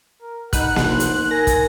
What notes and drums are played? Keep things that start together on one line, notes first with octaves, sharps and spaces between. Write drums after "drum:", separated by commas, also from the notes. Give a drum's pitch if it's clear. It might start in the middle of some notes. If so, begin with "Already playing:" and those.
A#4
D#4 B4 F#5 F#6, drum: kick, hi-hat
drum: snare A#3
C5
drum: hi-hat
A#4 G#5 A#6
drum: kick, hi-hat